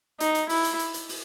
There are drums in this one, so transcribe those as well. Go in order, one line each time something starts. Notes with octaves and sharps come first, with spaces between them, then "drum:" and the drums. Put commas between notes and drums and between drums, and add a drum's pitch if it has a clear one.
D#4, drum: hi-hat
drum: hi-hat
E4, drum: open hi-hat
drum: hi-hat
drum: hi-hat
drum: hi-hat
drum: open hi-hat